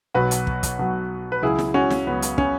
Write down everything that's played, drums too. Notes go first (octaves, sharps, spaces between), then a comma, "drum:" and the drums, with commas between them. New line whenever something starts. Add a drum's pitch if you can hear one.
B1 B2 F#3 F#4 B4
drum: hi-hat
drum: kick
drum: kick, hi-hat
B1 B2 F#3
B4
C#2 C#3 F#3 E4 G#4
drum: snare
C#4 F#4
drum: snare
C#2 C#3 F#3 B3
drum: hi-hat
C#4, drum: kick